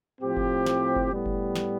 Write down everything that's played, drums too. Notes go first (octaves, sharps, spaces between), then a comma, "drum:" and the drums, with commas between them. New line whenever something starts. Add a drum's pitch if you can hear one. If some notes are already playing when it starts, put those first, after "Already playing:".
A2 F3 C4 G4
drum: kick F#1
drum: snare
drum: kick F#1
A2 G3 B3
drum: kick F#1
drum: snare